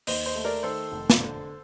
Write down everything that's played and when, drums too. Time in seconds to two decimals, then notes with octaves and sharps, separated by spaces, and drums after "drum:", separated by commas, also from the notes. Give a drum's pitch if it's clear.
0.07 D#2 C5 D#5, drum: open hi-hat
0.26 C5 D#5
0.35 A3
0.45 A#4 D5
0.63 D#3 A4 C5
0.92 F1
1.10 drum: snare
1.19 D3